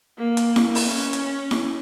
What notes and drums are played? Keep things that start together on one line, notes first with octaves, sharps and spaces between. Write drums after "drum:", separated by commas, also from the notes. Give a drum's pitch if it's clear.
A#3
drum: hi-hat
drum: snare E4
drum: open hi-hat
C#4
drum: hi-hat
drum: snare E4